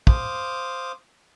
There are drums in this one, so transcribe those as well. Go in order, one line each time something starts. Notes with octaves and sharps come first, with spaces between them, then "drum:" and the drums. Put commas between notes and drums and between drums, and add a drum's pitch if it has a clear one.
C5 F5 D6 D#6, drum: kick